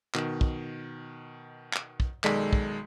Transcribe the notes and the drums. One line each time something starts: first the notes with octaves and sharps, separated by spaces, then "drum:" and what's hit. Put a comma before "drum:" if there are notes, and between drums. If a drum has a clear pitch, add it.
B2 D#3, drum: clap
drum: kick
drum: clap
drum: kick
B1 D#3 G#3 A4 D5 B6, drum: clap
drum: kick